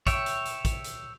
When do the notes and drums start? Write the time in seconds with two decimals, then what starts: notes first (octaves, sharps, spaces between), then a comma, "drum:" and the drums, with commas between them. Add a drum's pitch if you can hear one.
0.07 C#5 E5 G5, drum: kick, hi-hat
0.26 drum: hi-hat
0.45 drum: hi-hat
0.65 drum: kick, hi-hat
0.84 drum: hi-hat